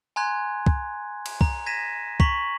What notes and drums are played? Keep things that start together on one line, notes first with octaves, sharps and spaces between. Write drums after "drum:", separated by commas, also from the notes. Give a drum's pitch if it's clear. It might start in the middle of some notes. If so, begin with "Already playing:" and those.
G#5 A#5 C6 F#6 G#6
drum: kick
drum: cymbal
A#5, drum: kick
G#6 A#6 B6 D#7 E7
A#5 C#6 B6 F#7, drum: kick